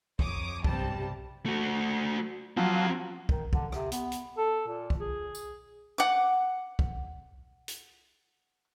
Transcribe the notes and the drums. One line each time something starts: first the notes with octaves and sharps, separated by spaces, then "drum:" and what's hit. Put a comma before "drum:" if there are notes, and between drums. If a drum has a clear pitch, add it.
F2 C#5 D6 D#6, drum: kick
B1 G2 C3 G3 G4 A5, drum: kick
A3 F#4
F3 F#3 C4 F5
D#3, drum: kick
D3, drum: kick
C3, drum: rim click
B3, drum: hi-hat
drum: hi-hat
A4
A#2
drum: kick
G#4
drum: tambourine
F#5 D6
drum: kick
drum: hi-hat